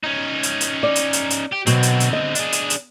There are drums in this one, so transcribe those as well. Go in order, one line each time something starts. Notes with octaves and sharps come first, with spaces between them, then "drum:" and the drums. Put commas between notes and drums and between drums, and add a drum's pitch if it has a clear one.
C#4 D#4
drum: hi-hat
drum: hi-hat
D5
drum: hi-hat
drum: hi-hat
drum: hi-hat
G4
B2 D3 F#3 C4, drum: hi-hat
drum: hi-hat
drum: hi-hat
D#5
D4 G#4, drum: hi-hat
drum: hi-hat
drum: hi-hat